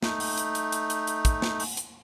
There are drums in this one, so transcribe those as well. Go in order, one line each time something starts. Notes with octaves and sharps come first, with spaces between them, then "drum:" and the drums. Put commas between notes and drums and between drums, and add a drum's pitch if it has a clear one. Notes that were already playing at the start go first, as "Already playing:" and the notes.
A3 D#4, drum: snare
drum: open hi-hat
drum: hi-hat
drum: hi-hat
drum: hi-hat
drum: hi-hat
drum: hi-hat
drum: kick, hi-hat
drum: snare
drum: open hi-hat
drum: hi-hat